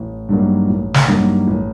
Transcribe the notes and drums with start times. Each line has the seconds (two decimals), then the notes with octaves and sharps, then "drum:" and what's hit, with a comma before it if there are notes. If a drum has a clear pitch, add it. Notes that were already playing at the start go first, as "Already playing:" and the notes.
Already playing: A1
0.29 G2 D#3 F#3 A#3
0.68 A1
0.94 drum: snare
1.08 G2 D#3 F#3 A#3
1.47 A1